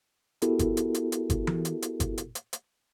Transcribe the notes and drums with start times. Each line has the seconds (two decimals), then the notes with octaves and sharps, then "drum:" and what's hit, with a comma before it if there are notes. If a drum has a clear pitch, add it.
0.42 B3 E4 F#4 G4 A4 A#4, drum: hi-hat
0.59 drum: kick G1, hi-hat
0.77 drum: hi-hat
0.94 drum: hi-hat
1.12 drum: hi-hat
1.30 drum: kick G1, hi-hat
1.47 drum: tom E3
1.65 drum: hi-hat
1.82 drum: hi-hat
2.00 drum: kick G1, hi-hat
2.18 drum: hi-hat
2.35 drum: hi-hat
2.53 drum: hi-hat